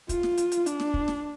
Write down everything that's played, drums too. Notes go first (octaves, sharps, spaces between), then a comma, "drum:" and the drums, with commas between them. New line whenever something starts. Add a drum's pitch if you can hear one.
F4, drum: kick, hi-hat
drum: snare
drum: hi-hat
drum: hi-hat
D4, drum: hi-hat
drum: snare
drum: kick
drum: snare